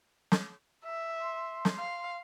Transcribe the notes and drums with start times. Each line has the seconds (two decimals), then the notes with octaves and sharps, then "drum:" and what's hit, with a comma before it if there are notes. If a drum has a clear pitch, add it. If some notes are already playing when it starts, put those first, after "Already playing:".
0.32 drum: snare
0.84 E5
1.20 C6
1.65 drum: snare
1.78 F5